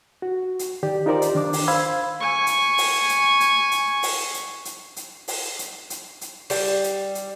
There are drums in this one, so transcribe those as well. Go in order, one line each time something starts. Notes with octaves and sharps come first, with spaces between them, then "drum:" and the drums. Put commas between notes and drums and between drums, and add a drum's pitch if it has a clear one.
F#4
drum: hi-hat
D#3 G4 D5
D#4 F4 G4 A#4 C5 D5
drum: hi-hat
D#3 D4 D6
drum: open hi-hat
C5 F5 B5 E6 G#6
G#5 C#6
drum: hi-hat
drum: open hi-hat
drum: hi-hat
drum: hi-hat
drum: hi-hat
drum: open hi-hat
drum: hi-hat
drum: hi-hat
drum: hi-hat
drum: open hi-hat
drum: hi-hat
drum: hi-hat
drum: hi-hat
G3, drum: open hi-hat
drum: hi-hat
drum: hi-hat